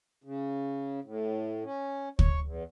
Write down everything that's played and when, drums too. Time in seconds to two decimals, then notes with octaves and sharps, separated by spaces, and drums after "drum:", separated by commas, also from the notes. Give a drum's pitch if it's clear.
0.24 C#3
1.04 A2
1.64 C#4
2.19 C#5, drum: kick
2.43 E2